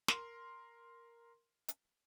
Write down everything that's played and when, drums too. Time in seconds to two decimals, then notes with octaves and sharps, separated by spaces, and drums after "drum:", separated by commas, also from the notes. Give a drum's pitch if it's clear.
0.08 A#4 C6, drum: snare
1.68 drum: hi-hat